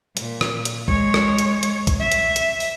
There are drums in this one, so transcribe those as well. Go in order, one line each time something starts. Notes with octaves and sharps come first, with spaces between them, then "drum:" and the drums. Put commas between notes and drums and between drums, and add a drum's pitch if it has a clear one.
A#2, drum: hi-hat
drum: rim click
drum: hi-hat
G#3 C#5, drum: kick
drum: rim click
drum: hi-hat
drum: hi-hat
drum: kick, hi-hat
E5
drum: hi-hat
drum: hi-hat
drum: open hi-hat